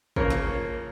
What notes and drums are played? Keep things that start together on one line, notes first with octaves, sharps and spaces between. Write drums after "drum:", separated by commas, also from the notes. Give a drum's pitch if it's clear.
C#3 F3 A#3 A#4 C#5, drum: kick
drum: snare